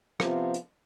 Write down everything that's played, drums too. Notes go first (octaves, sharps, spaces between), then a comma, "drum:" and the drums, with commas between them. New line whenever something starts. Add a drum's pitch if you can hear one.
C3 F3 B3 F4, drum: rim click
drum: hi-hat